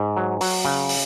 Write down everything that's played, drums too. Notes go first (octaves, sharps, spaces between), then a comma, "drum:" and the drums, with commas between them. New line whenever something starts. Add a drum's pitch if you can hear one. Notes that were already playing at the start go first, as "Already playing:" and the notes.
Already playing: G#2
F#3
F#3, drum: open hi-hat
C#3
drum: open hi-hat